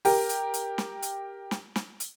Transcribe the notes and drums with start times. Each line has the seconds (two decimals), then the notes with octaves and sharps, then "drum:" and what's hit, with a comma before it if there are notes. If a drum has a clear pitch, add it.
0.05 G4 A#4, drum: open hi-hat
0.29 drum: hi-hat
0.54 drum: hi-hat
0.78 drum: snare
1.02 drum: hi-hat
1.51 drum: snare
1.76 drum: snare
2.00 drum: hi-hat